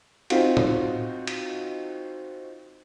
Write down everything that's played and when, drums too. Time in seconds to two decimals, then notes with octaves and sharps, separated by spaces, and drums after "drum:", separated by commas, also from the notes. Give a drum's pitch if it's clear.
0.30 C4 D#4 F4 F#4, drum: cymbal
0.57 drum: tom
1.27 drum: cymbal